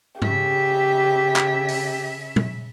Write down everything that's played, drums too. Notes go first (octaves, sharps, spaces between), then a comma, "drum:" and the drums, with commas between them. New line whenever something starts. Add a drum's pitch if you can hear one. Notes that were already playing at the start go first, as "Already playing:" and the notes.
C#3 G4 E5, drum: tom G#2
drum: clap
drum: open hi-hat
drum: tom